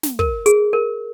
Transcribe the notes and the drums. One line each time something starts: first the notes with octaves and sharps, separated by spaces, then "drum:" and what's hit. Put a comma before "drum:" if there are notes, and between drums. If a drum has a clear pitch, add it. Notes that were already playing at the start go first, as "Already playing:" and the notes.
drum: snare
A#4, drum: kick
G#4, drum: hi-hat
A#4